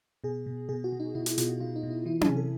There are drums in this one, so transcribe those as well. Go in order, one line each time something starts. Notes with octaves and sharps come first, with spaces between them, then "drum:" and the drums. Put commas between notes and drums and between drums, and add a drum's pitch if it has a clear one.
B2 G#4
B2
B2 G#4
F#4
B2
D#4
B2 E4
E4, drum: hi-hat
B2 F4, drum: hi-hat
F#4
B2 F4
D#4
B2
E4
E3 E4
G#4, drum: tom C#4
C3
A4